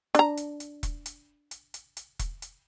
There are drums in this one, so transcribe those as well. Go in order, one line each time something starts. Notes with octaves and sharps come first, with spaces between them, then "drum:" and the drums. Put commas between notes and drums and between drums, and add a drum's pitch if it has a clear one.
D4 A#5, drum: hi-hat
drum: hi-hat
drum: hi-hat
drum: kick E1, hi-hat
drum: hi-hat
drum: hi-hat
drum: hi-hat
drum: hi-hat
drum: kick E1, hi-hat
drum: hi-hat